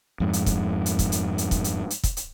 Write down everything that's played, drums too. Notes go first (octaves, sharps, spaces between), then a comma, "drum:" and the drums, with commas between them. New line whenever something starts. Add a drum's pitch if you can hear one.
F2 G#2
drum: hi-hat
drum: kick, hi-hat
drum: hi-hat
drum: kick, hi-hat
drum: hi-hat
drum: hi-hat
drum: kick, hi-hat
drum: hi-hat
drum: hi-hat
drum: kick, hi-hat
drum: hi-hat